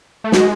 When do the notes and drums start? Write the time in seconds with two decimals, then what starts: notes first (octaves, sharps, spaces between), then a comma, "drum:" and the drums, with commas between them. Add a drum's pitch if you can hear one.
0.24 A3
0.32 G#3 F#4, drum: snare